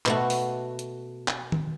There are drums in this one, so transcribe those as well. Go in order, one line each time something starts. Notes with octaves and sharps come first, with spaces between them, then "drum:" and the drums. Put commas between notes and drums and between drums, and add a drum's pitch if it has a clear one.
B2 A3 F#4, drum: clap
drum: open hi-hat
drum: hi-hat
drum: clap
drum: tom D#3